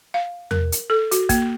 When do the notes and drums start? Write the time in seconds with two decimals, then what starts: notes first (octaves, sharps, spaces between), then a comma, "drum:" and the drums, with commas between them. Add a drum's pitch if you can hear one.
0.14 F5
0.51 A#4, drum: tom E2
0.72 drum: hi-hat
0.90 A4
1.11 F#4, drum: hi-hat
1.29 A#3, drum: kick, hi-hat